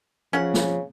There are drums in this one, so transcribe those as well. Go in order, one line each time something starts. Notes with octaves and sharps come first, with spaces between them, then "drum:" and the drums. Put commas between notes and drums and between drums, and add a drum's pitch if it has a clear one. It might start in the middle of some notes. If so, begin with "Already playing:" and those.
C#3 F3 C#4 F#5
drum: snare